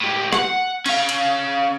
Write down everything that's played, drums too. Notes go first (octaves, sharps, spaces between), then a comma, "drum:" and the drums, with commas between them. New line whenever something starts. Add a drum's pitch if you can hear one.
A2 G4
F#5, drum: rim click
C#4 F5, drum: cymbal
drum: cymbal